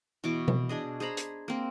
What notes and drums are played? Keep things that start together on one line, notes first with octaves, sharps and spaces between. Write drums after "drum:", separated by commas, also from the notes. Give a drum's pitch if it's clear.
B2 E3 C#6 D6
drum: tom B2
D4 G#4 D#5
G#4 C5 A#5 B5
drum: hi-hat
A#3 C4